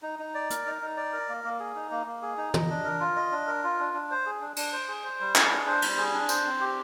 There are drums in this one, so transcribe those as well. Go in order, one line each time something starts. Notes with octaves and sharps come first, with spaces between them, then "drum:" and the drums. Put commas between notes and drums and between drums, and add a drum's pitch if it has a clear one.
D#4
D#4
D5
A#4, drum: hi-hat
D#4
D#4
D5
A#4
A#3
A#3
G#4
D#4
A#3
A#3
G#4
D#4
D#5, drum: tom
D4
A#4
F4
D#5
D4
A#4
F4
D4
D4
C5
G#4
D4
D4, drum: cymbal
C5
G#4
C5
G3
G#4, drum: clap
D4
C5
G3, drum: cymbal
G#4
D4
C5, drum: tambourine
C4
G4